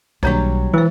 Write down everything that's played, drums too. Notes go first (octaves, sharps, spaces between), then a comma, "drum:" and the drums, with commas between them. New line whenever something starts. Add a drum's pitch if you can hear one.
B1 D#3 F#3 G3 A#3 D4 C#5, drum: kick
E3 G#3 C5